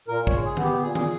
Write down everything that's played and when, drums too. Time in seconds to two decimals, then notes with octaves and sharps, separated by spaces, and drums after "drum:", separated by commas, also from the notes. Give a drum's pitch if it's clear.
0.08 A#2 A#4
0.27 C#5, drum: kick
0.33 G#3
0.45 G#4
0.57 B3, drum: tom D3
0.64 G4
0.81 A#2 G#4
0.95 drum: tom D3